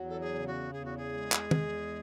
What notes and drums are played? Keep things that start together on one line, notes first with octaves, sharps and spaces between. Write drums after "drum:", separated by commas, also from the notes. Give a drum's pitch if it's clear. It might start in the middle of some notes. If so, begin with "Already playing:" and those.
Already playing: E2 F#3
A4
G#4
C#3
F#4
E2 G#4
F#4
G#4
G#3
drum: clap
E2, drum: tom